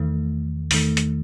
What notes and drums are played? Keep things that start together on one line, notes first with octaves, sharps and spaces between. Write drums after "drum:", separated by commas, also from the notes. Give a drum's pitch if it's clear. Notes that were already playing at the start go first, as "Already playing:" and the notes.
Already playing: E2 D#3 A3
E2 D#3 A3, drum: open hi-hat
drum: hi-hat